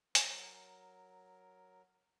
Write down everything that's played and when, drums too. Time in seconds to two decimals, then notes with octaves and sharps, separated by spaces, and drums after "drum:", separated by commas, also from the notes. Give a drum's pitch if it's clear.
0.15 F#3 A#4, drum: hi-hat